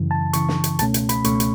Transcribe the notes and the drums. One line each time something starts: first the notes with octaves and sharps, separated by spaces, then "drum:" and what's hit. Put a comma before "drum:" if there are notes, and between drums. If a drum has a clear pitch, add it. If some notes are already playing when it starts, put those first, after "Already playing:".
Already playing: F#2 C#3 E3
A5
F#2 C#3 E3 C#6, drum: hi-hat
drum: snare
drum: hi-hat
C#2 B2 A3 C#4 A5, drum: hi-hat
drum: hi-hat
B5, drum: hi-hat
C#2 B2 A3 C#4 C#6, drum: hi-hat
drum: hi-hat